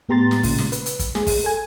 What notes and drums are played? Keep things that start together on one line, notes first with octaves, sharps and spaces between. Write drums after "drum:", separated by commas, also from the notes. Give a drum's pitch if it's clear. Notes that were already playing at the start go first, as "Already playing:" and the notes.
A2 B3 G4 A#5 C6 A6
drum: snare
A#2 C#3, drum: kick, open hi-hat
drum: snare
B4, drum: hi-hat
drum: hi-hat
drum: kick, hi-hat
G#4, drum: snare
drum: kick, open hi-hat
A4 G#5